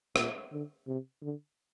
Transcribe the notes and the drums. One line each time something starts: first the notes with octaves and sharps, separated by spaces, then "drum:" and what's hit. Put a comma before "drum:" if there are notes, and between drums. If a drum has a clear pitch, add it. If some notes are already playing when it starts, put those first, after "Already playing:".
A#2, drum: rim click
D3
C3
D3